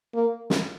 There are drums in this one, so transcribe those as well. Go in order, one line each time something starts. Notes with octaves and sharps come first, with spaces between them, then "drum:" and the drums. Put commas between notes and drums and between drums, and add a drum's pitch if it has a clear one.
A#3
drum: snare